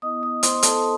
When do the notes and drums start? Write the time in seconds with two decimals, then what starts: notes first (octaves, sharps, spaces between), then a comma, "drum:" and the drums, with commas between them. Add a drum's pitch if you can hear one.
0.02 B3 E4 D#5 D#6
0.23 D#5 D#6
0.43 C5 C6, drum: hi-hat
0.63 A4 A5, drum: hi-hat